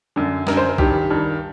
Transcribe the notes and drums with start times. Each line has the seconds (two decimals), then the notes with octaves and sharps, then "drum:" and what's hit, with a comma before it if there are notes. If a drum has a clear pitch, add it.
0.16 F#2 D3
0.47 F#2 D3 A#4, drum: snare
0.57 C5
0.69 A#4
0.78 G2 D#3 G4, drum: kick B1
1.10 G2 D#3